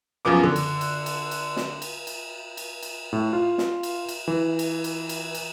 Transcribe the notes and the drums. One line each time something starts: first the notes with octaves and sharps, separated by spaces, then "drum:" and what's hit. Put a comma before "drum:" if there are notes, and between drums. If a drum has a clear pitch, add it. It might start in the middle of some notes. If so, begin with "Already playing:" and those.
F#2 C#3 F3 B3 D6
D3
drum: cymbal
drum: cymbal
drum: cymbal
drum: cymbal
drum: snare
drum: cymbal
drum: cymbal
drum: cymbal
drum: cymbal
A2
F4
drum: snare
drum: cymbal
drum: cymbal
E3
drum: cymbal
drum: cymbal
drum: cymbal
drum: cymbal